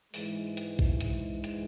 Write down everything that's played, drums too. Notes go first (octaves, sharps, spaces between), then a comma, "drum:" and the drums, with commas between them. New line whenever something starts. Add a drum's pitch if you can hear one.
G#2 E3 G#3, drum: open hi-hat
drum: hi-hat
drum: kick A#1
drum: hi-hat
drum: hi-hat